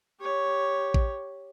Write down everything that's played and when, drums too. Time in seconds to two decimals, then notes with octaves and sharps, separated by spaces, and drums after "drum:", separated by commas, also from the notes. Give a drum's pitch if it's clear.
0.21 G4 C#5
0.94 drum: kick A1